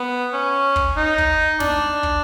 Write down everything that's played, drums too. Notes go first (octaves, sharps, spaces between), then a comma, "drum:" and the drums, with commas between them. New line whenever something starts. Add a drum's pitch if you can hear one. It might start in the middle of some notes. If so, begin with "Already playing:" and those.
Already playing: B3
C#4
drum: kick
D#4
drum: kick
D4, drum: snare
drum: kick